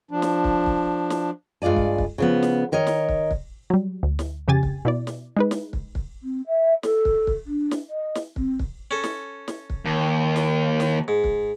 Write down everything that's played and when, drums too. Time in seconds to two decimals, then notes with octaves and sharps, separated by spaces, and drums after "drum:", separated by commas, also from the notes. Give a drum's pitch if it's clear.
0.11 F3 D4
0.22 drum: snare
0.44 drum: kick
0.66 drum: kick
1.10 drum: snare
1.62 G2 G#3 F4 D5 G#5
1.76 drum: kick
1.98 drum: kick
2.18 C#3 F3 B3
2.43 drum: snare
2.72 D#3 A#4 C#5 D#5
2.87 drum: snare
3.09 drum: kick
3.31 drum: kick
3.70 F#3 G3
4.03 D2
4.19 drum: snare
4.48 F2 C#3 G4 G#5 A6
4.63 drum: kick
4.85 B2 E4 D5
5.07 drum: snare
5.37 G#3 D#4 B4
5.51 drum: snare
5.73 drum: kick
5.95 drum: kick
6.23 C4
6.47 E5
6.83 A4, drum: snare
7.05 drum: kick
7.27 drum: kick
7.46 D4
7.71 drum: snare
7.89 D#5
8.15 drum: snare
8.36 C4, drum: kick
8.59 drum: kick
8.91 C#4 A4
9.04 drum: snare
9.48 drum: snare
9.70 drum: kick
9.85 D#2
10.36 drum: snare
10.80 drum: snare
11.08 G#2
11.24 drum: kick